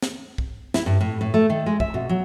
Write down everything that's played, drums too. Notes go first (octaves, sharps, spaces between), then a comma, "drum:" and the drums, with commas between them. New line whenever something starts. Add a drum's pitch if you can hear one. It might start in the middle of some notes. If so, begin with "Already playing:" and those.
drum: snare
drum: kick
E4, drum: snare
G2
A2
A2
A3
D#3
G#3
E5, drum: kick
B2
F#3